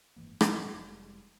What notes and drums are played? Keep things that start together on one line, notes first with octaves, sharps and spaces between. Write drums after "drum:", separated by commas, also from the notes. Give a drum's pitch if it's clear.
F#1 G#2 E3 A#3
E2 C3, drum: rim click
F1 C#2 G3 G#3